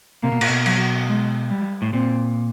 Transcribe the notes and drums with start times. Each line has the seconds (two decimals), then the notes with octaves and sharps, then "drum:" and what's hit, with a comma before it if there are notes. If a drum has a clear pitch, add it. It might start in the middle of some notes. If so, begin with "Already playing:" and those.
0.23 C3 A#3
0.32 B2
0.41 A#2, drum: cymbal
0.49 B2
0.66 F#3, drum: cymbal
1.08 G#3
1.50 G3
1.82 A2
1.93 A#2 C4